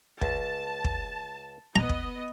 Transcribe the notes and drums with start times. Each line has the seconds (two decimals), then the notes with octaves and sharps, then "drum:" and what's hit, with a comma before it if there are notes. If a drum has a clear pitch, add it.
0.21 C#2 A5, drum: kick
0.84 drum: kick
1.76 B3 D#5 A#5
1.89 drum: kick